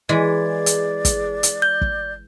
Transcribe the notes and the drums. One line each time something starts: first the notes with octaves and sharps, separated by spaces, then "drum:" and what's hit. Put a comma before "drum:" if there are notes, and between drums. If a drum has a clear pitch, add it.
E3 G#3 G#4 D5
drum: hi-hat
drum: kick, hi-hat
drum: hi-hat
G6
drum: kick